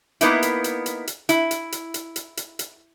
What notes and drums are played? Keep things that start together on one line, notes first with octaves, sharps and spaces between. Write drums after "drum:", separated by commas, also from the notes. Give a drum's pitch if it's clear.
A#3 B3 D#4 E4, drum: hi-hat
drum: hi-hat
drum: hi-hat
drum: hi-hat
drum: hi-hat
E4, drum: hi-hat
drum: hi-hat
drum: hi-hat
drum: hi-hat
drum: hi-hat
drum: hi-hat
drum: hi-hat